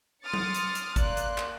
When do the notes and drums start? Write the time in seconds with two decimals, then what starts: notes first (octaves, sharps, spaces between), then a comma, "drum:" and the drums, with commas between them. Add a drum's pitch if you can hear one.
0.24 C6 D6 D#6 F6 A6 C#7
0.34 drum: tom F#3
0.54 drum: hi-hat
0.75 drum: hi-hat
0.96 A#3 D5 C6 F#6, drum: kick G1, hi-hat
1.17 drum: hi-hat
1.38 drum: clap